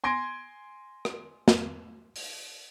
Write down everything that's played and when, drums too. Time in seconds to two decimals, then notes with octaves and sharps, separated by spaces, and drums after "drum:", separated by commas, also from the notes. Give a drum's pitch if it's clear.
0.04 G#5 C6 G#6 A#6 D7
1.05 drum: rim click
1.48 drum: snare
2.16 drum: open hi-hat